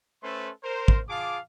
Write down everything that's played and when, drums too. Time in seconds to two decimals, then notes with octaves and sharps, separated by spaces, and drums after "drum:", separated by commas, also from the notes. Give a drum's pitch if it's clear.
0.23 A3 C#4 A4 B4 C5 C6
0.64 A#4 C5
0.88 drum: kick
1.09 F4 G#4 F5 A5 D6